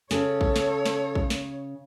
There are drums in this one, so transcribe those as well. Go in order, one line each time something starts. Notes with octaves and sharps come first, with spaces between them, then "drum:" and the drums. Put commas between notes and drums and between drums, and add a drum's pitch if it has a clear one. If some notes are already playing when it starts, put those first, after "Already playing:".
C#3 A4 C#5, drum: snare
drum: kick
drum: snare
drum: snare
drum: kick
drum: snare